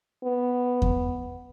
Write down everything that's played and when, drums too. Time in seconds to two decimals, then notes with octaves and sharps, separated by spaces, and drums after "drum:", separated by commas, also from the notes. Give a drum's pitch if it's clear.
0.24 B3
0.82 drum: kick E2